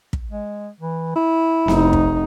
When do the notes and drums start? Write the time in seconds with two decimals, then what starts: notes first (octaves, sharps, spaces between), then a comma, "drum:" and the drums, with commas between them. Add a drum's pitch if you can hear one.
0.13 drum: kick
0.31 G#3
0.80 E3
1.16 E4
1.68 F1 D#4, drum: snare B3
1.93 drum: kick